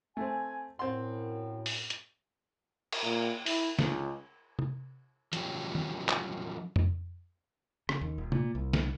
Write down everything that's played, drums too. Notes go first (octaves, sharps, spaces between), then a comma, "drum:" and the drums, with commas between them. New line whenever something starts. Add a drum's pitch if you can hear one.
A3 C4 G#5
F#2 A2 C4 F#5 C6
drum: open hi-hat
drum: hi-hat
drum: cymbal
A#2
E4, drum: open hi-hat
C#2, drum: snare
drum: tom
F3 F#3 C#4 G4, drum: hi-hat
drum: tom D#3
drum: clap
drum: tom F2
C#3, drum: rim click
D#2
D#1
A#2, drum: tom C3
C2
drum: snare